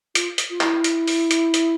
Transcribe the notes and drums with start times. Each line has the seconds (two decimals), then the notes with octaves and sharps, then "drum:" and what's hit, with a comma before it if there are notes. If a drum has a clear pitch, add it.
0.15 F4, drum: hi-hat
0.38 drum: hi-hat
0.50 F4
0.61 E4, drum: clap
0.84 drum: hi-hat
1.08 drum: open hi-hat
1.31 drum: hi-hat
1.54 drum: hi-hat